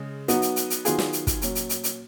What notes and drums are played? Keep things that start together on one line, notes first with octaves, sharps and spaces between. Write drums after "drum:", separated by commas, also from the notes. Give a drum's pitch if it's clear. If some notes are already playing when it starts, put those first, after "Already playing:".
Already playing: C#3 G#3
F#3 B3 D#4 F#4, drum: hi-hat
drum: hi-hat
drum: hi-hat
drum: hi-hat
D#3 F#3 B3 F4 G#4, drum: hi-hat
drum: snare
drum: hi-hat
drum: kick, hi-hat
A#2 F#3 C#4, drum: hi-hat
drum: hi-hat
drum: hi-hat
drum: hi-hat